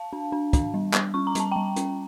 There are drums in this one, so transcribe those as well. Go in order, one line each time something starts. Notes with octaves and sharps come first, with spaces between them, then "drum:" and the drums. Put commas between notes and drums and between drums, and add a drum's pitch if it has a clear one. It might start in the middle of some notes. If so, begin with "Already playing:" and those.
Already playing: F5 A5
D4
D4
D4, drum: kick, hi-hat
G3
G3, drum: clap
C#4 C#6
A#5
G3 A5, drum: hi-hat
G3 G5 A#5
C#4, drum: hi-hat